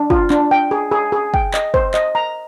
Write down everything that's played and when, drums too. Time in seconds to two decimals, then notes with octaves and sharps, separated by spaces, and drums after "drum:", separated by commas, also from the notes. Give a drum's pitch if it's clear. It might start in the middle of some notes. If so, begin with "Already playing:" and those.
Already playing: D4
0.10 F4, drum: kick
0.30 D4, drum: clap
0.51 G5
0.71 G#4
0.92 G#4
1.12 G#4
1.34 G5, drum: kick
1.54 D#5, drum: clap
1.74 C5, drum: kick
1.94 D#5, drum: clap
2.15 A#5